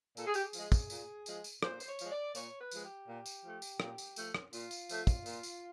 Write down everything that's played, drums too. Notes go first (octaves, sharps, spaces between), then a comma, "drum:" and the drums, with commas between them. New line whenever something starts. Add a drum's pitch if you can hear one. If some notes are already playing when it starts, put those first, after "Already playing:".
A#2 A4, drum: tambourine
G#4
G4, drum: tambourine
G#4
F3 G#3, drum: tambourine
drum: kick, tambourine
A#2, drum: tambourine
F3 G#3, drum: tambourine
drum: tambourine
A#2 C5, drum: rim click
C5, drum: tambourine
C#5
F3 G#3, drum: tambourine
D5
A#2 C#5, drum: tambourine
B4
F3 G#3, drum: tambourine
G4
A#2
drum: tambourine
F3 A3
drum: tambourine
A#2, drum: rim click
drum: tambourine
F3 A3, drum: tambourine
drum: rim click
A#2 F4, drum: tambourine
drum: tambourine
F3 A3, drum: tambourine
drum: kick, tambourine
A#2, drum: tambourine
drum: tambourine